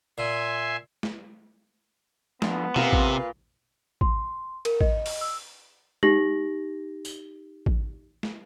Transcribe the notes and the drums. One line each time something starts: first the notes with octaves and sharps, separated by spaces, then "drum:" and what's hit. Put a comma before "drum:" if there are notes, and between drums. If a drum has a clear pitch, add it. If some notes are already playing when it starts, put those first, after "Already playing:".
A#2 E5 G#5 C6
drum: snare
F3 G#3 B3 D4, drum: snare
C3 F4 A#4 B4 F5, drum: tom B2
drum: kick
C6, drum: kick
A#4, drum: cymbal
D#5, drum: kick
drum: open hi-hat
E6
D#4 G4 A#6 F#7, drum: tom G#3
drum: tambourine
drum: kick
drum: snare